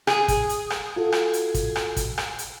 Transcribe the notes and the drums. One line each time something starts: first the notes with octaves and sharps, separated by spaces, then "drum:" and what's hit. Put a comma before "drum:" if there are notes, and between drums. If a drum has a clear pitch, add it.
G#4, drum: rim click
drum: kick, hi-hat
drum: hi-hat
drum: rim click
F4 F#4 A4
drum: rim click
drum: hi-hat
drum: kick, hi-hat
drum: rim click
drum: kick, hi-hat
drum: rim click
drum: hi-hat